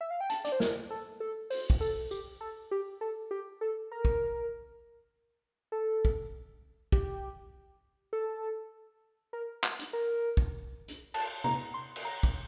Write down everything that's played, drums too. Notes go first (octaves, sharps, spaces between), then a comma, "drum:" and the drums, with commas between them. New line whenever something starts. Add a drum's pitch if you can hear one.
E5
F5
G5
A5, drum: hi-hat
D5, drum: hi-hat
C5
A#4, drum: snare
A4
A4
C5, drum: open hi-hat
drum: kick
A4
G4, drum: tambourine
A4
G4
A4
G4
A4
A#4
drum: kick
A4
drum: kick
G4, drum: kick
A4
A#4
drum: clap
drum: hi-hat
A#4
drum: kick
drum: hi-hat
A5, drum: cymbal
A#5, drum: tom
C6
drum: cymbal
A#5
drum: kick